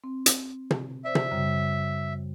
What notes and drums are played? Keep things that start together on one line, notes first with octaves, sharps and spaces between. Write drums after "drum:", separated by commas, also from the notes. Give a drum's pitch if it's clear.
C4
drum: hi-hat
drum: tom
C5 D5 E5
drum: tom
F#2 C#3 G3